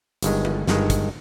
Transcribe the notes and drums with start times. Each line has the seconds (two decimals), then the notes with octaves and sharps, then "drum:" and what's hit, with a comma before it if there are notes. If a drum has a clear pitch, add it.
0.22 G1 G2 D#3 G#3, drum: hi-hat
0.45 drum: tom G#3
0.67 G1 G2 D#3 G#3, drum: snare
0.90 drum: kick, hi-hat